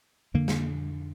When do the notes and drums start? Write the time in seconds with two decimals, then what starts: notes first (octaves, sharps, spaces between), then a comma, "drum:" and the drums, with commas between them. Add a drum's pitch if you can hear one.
0.34 F2 D3 A#3
0.48 drum: snare